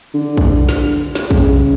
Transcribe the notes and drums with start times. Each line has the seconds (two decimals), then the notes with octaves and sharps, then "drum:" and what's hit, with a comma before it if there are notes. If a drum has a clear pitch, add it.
0.14 D3
0.37 drum: kick
0.69 drum: snare
1.15 drum: snare
1.31 C#3, drum: kick